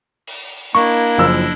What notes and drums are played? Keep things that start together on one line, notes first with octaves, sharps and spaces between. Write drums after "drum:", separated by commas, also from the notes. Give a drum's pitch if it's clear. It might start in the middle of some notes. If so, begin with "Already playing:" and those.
drum: open hi-hat
A#3 D4 E4 D#5 C#6
F#1 F3 E6